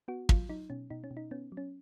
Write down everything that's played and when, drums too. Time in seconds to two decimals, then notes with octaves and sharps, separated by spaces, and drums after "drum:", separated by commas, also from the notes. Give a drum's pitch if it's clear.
0.08 B3 F#4
0.29 F#3 F4, drum: kick
0.49 F#3 D#4
0.70 B2 C#4
0.90 B2 D#4
1.04 C#4
1.11 B2
1.17 D#4
1.31 B3 C#4
1.52 F#3
1.57 C#4